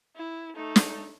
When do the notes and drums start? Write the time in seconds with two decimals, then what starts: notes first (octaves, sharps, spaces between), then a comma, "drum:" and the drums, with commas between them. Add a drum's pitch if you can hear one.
0.16 E4
0.56 A3 D#4
0.76 drum: snare